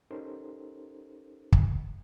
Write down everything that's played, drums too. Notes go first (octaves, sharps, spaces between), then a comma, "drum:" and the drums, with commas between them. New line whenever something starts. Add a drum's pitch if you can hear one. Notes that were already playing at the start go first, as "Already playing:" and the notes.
C#4 D#4 G4 A4 A#4 C5
drum: kick